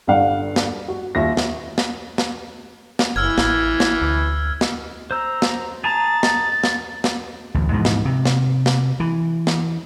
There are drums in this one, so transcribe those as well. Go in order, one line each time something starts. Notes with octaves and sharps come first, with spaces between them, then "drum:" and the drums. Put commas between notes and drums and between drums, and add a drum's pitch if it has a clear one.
G1 G2 D4 F5 F#5
drum: snare
F#4
D#2 F4 E5 A#6
drum: snare
drum: snare
drum: snare
drum: snare
F#1 E3 E6 F6 G#6
A1, drum: snare
drum: snare
D2
drum: snare
C5 A#5 E6
drum: snare
G#4 A5 A#5 A6
drum: snare
drum: snare
drum: snare
A1 D2
G#2 B2 E3 F3
drum: snare
C3
drum: snare
drum: snare
E3
drum: snare